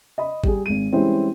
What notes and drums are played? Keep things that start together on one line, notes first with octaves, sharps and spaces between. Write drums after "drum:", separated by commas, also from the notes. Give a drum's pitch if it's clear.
D#5 B5
G3 G#4, drum: kick
G#1 G#3 D#7
E3 G3 G#3 C4 C#4 E4